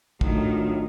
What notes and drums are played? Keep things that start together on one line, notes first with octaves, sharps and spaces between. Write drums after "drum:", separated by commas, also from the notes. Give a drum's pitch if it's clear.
A2 D#3 F#3 D4 F4, drum: kick